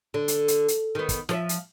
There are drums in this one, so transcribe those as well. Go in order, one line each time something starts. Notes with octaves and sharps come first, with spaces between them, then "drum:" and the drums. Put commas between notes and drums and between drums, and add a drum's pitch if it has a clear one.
D3
drum: hi-hat
drum: hi-hat
drum: hi-hat
D#3 B3
drum: kick, hi-hat
F3 C5 E5, drum: snare
drum: hi-hat